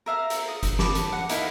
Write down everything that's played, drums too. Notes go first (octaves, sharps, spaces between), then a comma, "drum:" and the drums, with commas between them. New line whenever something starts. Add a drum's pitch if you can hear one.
A#4 E5 F5 A#5
drum: hi-hat
D#6
drum: kick F#1, hi-hat
A5 B5 D6, drum: snare
drum: hi-hat
F#5
D#4 E4 A#4 F5, drum: hi-hat